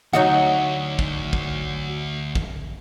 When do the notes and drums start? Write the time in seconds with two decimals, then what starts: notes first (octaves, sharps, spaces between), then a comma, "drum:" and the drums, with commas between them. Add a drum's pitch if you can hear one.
0.13 D2 F#3 D#4 F#4
0.99 drum: kick
1.33 drum: kick
2.35 drum: kick